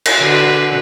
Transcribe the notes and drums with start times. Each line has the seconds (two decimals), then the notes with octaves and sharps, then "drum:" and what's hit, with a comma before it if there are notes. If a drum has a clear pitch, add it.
0.05 drum: cymbal
0.20 D3 F#4 B4